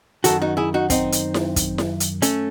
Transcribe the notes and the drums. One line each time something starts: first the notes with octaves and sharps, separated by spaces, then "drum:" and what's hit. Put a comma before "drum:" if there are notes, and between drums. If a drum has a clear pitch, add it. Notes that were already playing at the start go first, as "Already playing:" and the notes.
F#2 D#3 F#4 A4, drum: hi-hat
D#4 F#4
E4 G#4
D#4 F#4
C4 D#4, drum: kick, hi-hat
drum: hi-hat
drum: snare E4
drum: kick, hi-hat
drum: snare E4
drum: hi-hat
A3 C#4, drum: hi-hat